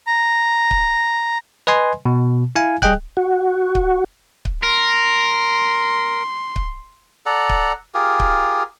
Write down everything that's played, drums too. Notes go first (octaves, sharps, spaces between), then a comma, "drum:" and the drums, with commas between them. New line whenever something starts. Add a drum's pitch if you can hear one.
A#5
drum: kick C#1
B4 D#5 G#5 C6
B2
E4 F5 G#5
G3 G#4 D#5 G5 F#6, drum: kick C#1
F#4
drum: kick C#1
drum: kick C#1
A#4 C6
drum: kick C#1
A4 D5 F#5 A#5
drum: kick C#1
F4 G4 G#4 A#4
drum: kick C#1